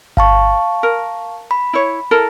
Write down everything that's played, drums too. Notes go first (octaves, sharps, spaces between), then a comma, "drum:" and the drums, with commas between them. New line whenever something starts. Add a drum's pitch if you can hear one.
F5 A5 C#6, drum: kick G1
A#4
B5
E4 C#5
E4 A4 A#4